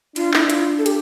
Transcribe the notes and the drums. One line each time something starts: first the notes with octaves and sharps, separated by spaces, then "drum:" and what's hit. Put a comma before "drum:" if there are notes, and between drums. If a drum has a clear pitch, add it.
D4 F4, drum: hi-hat
E4, drum: clap
F4, drum: hi-hat
A4
G4, drum: hi-hat